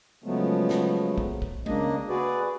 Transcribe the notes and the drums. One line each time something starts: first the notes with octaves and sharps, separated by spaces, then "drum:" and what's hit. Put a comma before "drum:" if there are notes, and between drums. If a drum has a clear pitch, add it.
C#3 F3 F#3 G#3 A3 B3
drum: snare
drum: kick
drum: kick
C#3 A#3 D4 D#5, drum: tom G#3
F#4 G#4 B4 D5